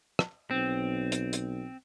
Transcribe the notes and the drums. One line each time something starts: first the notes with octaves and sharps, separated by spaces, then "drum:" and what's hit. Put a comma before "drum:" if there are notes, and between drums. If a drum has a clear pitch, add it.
drum: rim click
B1 C4
drum: hi-hat
drum: hi-hat